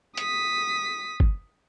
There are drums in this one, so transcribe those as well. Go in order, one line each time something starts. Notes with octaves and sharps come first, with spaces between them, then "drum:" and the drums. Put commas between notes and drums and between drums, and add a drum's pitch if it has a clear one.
D#6 B6, drum: hi-hat
drum: kick